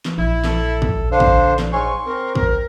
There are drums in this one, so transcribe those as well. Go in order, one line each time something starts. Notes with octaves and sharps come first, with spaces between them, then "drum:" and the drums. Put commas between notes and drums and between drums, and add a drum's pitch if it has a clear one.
drum: snare
A#1 E4
A4, drum: snare
drum: kick
D3 D4 C5 F5
drum: kick
drum: snare
G#2 C#5 G#5 C6 C#6
C4 A#4
A#4, drum: kick